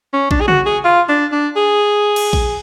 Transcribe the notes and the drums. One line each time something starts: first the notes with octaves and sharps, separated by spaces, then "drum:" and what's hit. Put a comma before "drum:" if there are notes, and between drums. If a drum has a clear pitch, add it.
C#4
D4, drum: kick A#1
G#4
F#4, drum: tom C#3
G#4
F4
D4
D4
G#4
drum: cymbal
drum: kick A#1